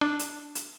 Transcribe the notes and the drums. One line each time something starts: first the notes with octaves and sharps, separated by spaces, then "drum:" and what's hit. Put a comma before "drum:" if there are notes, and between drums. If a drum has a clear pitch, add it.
D4
drum: hi-hat
drum: hi-hat